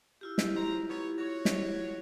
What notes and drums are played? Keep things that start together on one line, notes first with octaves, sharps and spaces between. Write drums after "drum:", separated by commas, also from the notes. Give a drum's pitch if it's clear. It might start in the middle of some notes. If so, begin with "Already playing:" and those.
E4 F4 G4
drum: snare
C#3 C5 A#5
B3 C#5
F#4 C#5
drum: snare